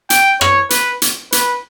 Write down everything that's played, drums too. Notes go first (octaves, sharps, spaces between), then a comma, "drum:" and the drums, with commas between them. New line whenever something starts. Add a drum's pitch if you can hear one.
G5, drum: hi-hat
C#5, drum: rim click
B4, drum: hi-hat
drum: hi-hat
B4, drum: hi-hat